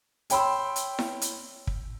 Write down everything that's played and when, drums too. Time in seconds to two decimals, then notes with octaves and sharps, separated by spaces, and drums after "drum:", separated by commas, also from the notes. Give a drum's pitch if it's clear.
0.30 C#5 G5 B5 C6 E6, drum: hi-hat
0.76 drum: hi-hat
0.99 drum: snare E4
1.22 drum: hi-hat
1.67 drum: kick